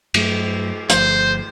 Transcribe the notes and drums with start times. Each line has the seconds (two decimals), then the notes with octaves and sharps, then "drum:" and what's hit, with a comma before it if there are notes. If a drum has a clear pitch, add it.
0.14 G2 F#3 A3, drum: cymbal
0.90 G1 F3 A3 C5, drum: hi-hat